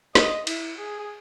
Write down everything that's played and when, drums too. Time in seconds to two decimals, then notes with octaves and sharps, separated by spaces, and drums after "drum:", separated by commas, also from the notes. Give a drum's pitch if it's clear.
0.15 D#5, drum: snare
0.47 E4, drum: cymbal
0.78 G#4